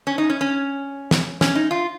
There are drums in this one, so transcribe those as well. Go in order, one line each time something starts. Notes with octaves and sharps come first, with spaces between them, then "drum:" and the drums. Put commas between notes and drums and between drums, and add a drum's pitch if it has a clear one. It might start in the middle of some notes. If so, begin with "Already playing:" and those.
C#4
D#4
C#4
C#4
drum: snare
C#4, drum: snare
D#4
F4